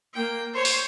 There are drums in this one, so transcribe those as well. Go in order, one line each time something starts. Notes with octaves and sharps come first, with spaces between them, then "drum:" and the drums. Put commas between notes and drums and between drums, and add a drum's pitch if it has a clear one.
A#3 G5
C5 C#5
drum: open hi-hat